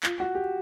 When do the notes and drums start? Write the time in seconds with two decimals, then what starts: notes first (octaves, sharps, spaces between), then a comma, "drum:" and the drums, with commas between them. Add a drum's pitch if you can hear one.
0.03 F4, drum: clap
0.20 F#4
0.35 G4